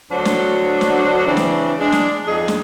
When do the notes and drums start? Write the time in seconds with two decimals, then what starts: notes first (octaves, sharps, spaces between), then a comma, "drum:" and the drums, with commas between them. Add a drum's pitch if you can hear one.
0.11 D2 F#3 D4 F#4 C5
0.25 drum: snare
0.81 drum: snare
1.27 C#3 E3 C4 D4
1.37 drum: snare
1.80 G#3 D4
1.92 drum: snare
2.27 F2 D#4 G#4
2.48 drum: snare